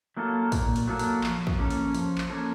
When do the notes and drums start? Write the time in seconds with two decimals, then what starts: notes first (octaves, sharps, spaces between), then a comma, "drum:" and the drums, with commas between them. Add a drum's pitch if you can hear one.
0.17 F#3 A#3 F4 A4
0.52 A#2, drum: kick, open hi-hat
0.76 drum: open hi-hat
0.88 F#3 A#3 F4 A4
0.99 drum: open hi-hat
1.24 F3, drum: clap
1.47 drum: kick
1.58 A#3 C#4 A4
1.70 drum: open hi-hat
1.94 F3, drum: open hi-hat
2.18 drum: clap
2.30 A#3 C#4 A4